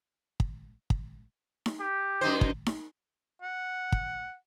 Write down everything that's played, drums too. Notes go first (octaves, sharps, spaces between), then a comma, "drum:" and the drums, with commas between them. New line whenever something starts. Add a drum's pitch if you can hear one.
drum: kick
drum: kick
drum: snare D#4
G4
F#2 D#4 C5
drum: kick
drum: snare D#4
F#5
drum: kick